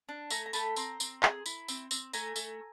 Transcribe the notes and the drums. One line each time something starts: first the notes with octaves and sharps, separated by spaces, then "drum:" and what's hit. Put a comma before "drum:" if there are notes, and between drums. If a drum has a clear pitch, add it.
D4
A3 G#5 A#5, drum: tambourine
A#5
A3 A5 B5, drum: tambourine
C4 A#5 C6, drum: tambourine
C4, drum: tambourine
G#4, drum: clap
E4, drum: tambourine
C4, drum: tambourine
C4, drum: tambourine
A3 G#5 A#5, drum: tambourine
A3, drum: tambourine